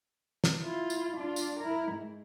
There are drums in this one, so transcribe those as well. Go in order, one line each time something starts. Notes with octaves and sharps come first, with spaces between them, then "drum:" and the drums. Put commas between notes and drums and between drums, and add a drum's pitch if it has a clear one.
drum: snare
E4 F4
drum: tambourine
D4 F4
drum: tambourine
E4 A#4
G#2 G#3